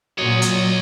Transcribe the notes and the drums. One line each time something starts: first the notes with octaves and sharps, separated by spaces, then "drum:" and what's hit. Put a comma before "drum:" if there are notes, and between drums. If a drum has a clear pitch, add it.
A#2 F#3 C#5 D#5
drum: hi-hat